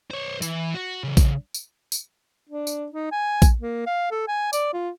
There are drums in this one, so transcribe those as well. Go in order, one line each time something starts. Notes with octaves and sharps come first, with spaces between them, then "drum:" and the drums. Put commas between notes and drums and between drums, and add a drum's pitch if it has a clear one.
C5 C#5
E3, drum: tambourine
F#4
C#3 E3
drum: kick A#1, tambourine
drum: tambourine
drum: tambourine
D4
drum: tambourine
D#4
G#5
drum: kick A#1, tambourine
A#3
F5
A4
G#5
D5, drum: tambourine
F4